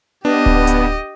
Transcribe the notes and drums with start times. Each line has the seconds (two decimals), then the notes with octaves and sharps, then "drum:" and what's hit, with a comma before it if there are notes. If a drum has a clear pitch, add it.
0.25 B3 D4 G4 D#5
0.46 drum: kick D1
0.67 drum: hi-hat